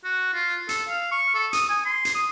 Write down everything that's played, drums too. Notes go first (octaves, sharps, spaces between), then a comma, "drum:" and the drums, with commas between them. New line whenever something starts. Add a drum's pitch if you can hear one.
F#4
F4
A4, drum: hi-hat
F5
C#6
A4
D#6, drum: hi-hat
G#5
C6
drum: hi-hat
D#6